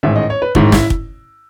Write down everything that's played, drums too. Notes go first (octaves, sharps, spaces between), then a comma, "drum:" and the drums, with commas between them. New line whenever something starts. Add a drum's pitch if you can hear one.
A1 G#2 D#3 E5
D#5
C#5
B4
A1 G#2 D#3 E4, drum: kick
E4, drum: snare
drum: kick